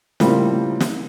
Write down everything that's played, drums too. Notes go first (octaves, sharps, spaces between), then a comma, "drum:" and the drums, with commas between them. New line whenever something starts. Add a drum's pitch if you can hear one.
A2 C#3 F3 G3 A#3 C4, drum: snare
drum: snare